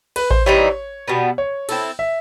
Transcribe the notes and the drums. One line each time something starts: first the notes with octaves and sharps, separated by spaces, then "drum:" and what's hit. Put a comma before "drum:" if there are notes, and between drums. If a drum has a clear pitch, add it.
B4, drum: cymbal
C5, drum: kick A1
E3 G3 C4 D#4 C#5
B2 G3 B3
C#5
C4 E4 A4, drum: cymbal
E5